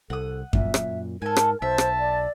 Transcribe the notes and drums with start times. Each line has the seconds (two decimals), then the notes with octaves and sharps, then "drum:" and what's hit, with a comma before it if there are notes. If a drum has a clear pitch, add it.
0.10 C2 A4 F#5 D#6
0.53 F#2 A#2 E5, drum: kick F#2
0.74 drum: rim click
1.22 G#2 A4 A#4 G#5
1.36 drum: rim click
1.62 B1 C5 E5 A5
1.78 drum: rim click
1.99 D5